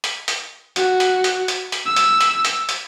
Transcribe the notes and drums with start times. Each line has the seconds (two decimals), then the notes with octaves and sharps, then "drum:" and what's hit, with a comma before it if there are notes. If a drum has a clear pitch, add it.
0.04 drum: hi-hat
0.28 drum: hi-hat
0.76 F#4, drum: hi-hat
1.00 drum: hi-hat
1.24 drum: hi-hat
1.48 drum: hi-hat
1.72 drum: hi-hat
1.86 E6
1.96 drum: hi-hat
2.21 drum: hi-hat
2.45 drum: hi-hat
2.69 drum: hi-hat